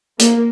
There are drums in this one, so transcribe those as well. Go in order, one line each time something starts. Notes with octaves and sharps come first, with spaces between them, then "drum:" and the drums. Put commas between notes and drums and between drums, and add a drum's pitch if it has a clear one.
A#3, drum: hi-hat